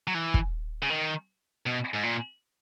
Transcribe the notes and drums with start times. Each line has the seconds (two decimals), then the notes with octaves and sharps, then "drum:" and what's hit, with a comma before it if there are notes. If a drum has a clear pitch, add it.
0.08 F#3
0.15 E3
0.34 drum: kick
0.83 C#3
0.90 D#3
1.67 B2
1.95 G#2
2.04 A#2